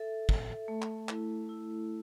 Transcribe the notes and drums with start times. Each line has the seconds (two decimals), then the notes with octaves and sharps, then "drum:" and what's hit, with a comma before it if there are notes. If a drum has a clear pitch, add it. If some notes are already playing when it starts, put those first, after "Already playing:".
Already playing: A4 E5
0.29 A4, drum: kick
0.68 A3
0.82 drum: clap
1.09 E4, drum: clap
1.49 E4